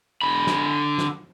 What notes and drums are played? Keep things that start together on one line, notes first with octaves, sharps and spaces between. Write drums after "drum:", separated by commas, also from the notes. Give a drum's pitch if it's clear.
D3 B5
drum: snare
drum: snare